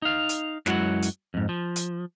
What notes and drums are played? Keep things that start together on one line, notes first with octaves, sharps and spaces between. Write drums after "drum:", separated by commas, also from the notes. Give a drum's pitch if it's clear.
D#4 F5
drum: hi-hat
F#2 F#3 G#3 E4 F#4 F#5, drum: snare
drum: hi-hat
F2 G#2
F3
drum: hi-hat